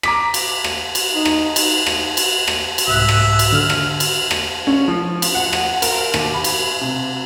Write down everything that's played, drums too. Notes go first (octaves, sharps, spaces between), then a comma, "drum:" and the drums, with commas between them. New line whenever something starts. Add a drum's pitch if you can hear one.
A#5 D6 B6, drum: rim click
drum: cymbal
drum: rim click
drum: cymbal
D#4
drum: rim click
drum: cymbal
drum: rim click
drum: cymbal
drum: rim click
drum: cymbal
C2 G#2 E5 F#6
drum: rim click
drum: cymbal
D3 F6
drum: rim click
drum: cymbal
drum: rim click
C#4
F3
drum: cymbal
F#5
drum: rim click
A#4, drum: cymbal
D#2, drum: rim click
B5
drum: cymbal
C3